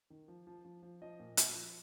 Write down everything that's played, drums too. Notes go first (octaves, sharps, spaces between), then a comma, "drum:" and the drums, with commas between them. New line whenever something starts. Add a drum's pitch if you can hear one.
D#3
F3
F3
F3
F3
F3 D#5
A#2
A#2, drum: hi-hat
F3